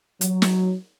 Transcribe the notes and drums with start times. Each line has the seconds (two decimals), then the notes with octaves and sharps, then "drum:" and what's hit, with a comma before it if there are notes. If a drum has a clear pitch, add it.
0.21 F#3, drum: hi-hat
0.42 drum: snare